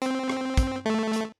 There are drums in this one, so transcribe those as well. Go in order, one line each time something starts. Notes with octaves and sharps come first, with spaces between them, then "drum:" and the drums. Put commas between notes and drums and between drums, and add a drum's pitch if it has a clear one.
C4, drum: hi-hat
drum: rim click
drum: kick, hi-hat
A3
drum: hi-hat